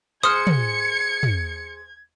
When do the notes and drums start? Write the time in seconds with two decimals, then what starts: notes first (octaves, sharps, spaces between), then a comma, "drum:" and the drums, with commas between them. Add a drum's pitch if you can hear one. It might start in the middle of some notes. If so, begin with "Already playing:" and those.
0.23 G#4 C5 D#6 F6 G#6 C#7
0.47 drum: tom
1.23 drum: tom